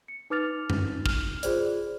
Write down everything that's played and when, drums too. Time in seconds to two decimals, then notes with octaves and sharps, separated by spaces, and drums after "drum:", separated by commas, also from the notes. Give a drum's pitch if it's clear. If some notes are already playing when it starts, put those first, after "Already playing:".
0.08 C#7
0.30 D#4 B4 D6 F6 A6 F7
0.70 drum: tom F#2
1.06 F6, drum: kick
1.43 F4 G#4 C5 D5, drum: hi-hat